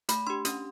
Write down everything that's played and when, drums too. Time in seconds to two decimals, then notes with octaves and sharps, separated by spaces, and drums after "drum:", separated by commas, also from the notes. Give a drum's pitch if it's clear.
0.09 A3 B5, drum: hi-hat
0.27 D4 G4 C6
0.45 C#4, drum: hi-hat